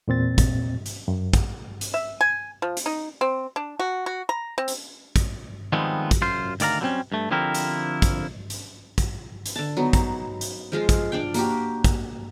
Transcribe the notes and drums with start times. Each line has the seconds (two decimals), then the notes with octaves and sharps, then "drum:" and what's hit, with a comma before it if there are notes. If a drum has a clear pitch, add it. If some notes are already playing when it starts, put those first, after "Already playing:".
0.08 E2 A#2 C4 A6
0.38 drum: kick, hi-hat
0.86 drum: hi-hat
1.08 F#2
1.33 drum: kick, hi-hat
1.81 drum: hi-hat
1.94 E5
2.21 G#5
2.62 F3
2.77 drum: hi-hat
2.86 D#4
3.21 C4
3.56 D4
3.79 F#4
4.06 F#4
4.29 A#5
4.58 C4
4.68 drum: hi-hat
5.16 drum: kick, hi-hat
5.72 D#3 F3 G3 G#3 B3 C4
6.11 drum: kick, hi-hat
6.22 F#2 F4 C5 C6
6.60 D2 D#3 D5 F5 A#5, drum: hi-hat
6.81 D3 F#3 G3 A#3 C4 C#4
7.12 G2 A3
7.31 D3 F3 C4 E4 G4 A#4
7.55 drum: hi-hat
8.02 drum: kick, hi-hat
8.50 drum: hi-hat
8.98 drum: kick, hi-hat
9.46 drum: hi-hat
9.56 D3 A5
9.77 F#3 B3 D#4
9.93 drum: kick, hi-hat
10.41 drum: hi-hat
10.72 F3 G#3 F4 C5
10.89 drum: kick, hi-hat
11.12 D4 D5 F5 G5
11.34 A#3 F#4 G4, drum: hi-hat
11.84 drum: kick, hi-hat